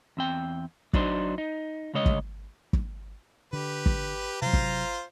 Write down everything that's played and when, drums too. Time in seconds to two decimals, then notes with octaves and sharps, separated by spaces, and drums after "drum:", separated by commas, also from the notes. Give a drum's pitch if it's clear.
0.17 E2 C4 G5
0.93 F#3 D4 D#4 C5, drum: kick
1.38 D#4
1.94 D2 C#3 G#3 C#5 D#5
2.06 drum: kick
2.73 drum: kick
3.53 D3 G4 B4
3.86 drum: kick
4.42 C3 F#3 F4 C5 A#5
4.53 drum: kick